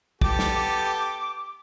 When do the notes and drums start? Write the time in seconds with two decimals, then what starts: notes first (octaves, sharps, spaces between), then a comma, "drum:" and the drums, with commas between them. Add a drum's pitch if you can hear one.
0.21 B3 G4 A4 D6, drum: kick
0.39 drum: snare